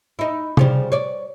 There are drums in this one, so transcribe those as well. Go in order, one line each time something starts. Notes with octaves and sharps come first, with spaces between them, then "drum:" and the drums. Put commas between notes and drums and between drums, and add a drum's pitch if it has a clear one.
D#4 E4
C#3 F3 G3, drum: tom C3
C#5 D5